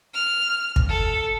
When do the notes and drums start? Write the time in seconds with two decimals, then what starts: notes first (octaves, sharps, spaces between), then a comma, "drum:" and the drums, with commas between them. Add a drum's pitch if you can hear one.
0.14 F6
0.76 drum: kick
0.89 A4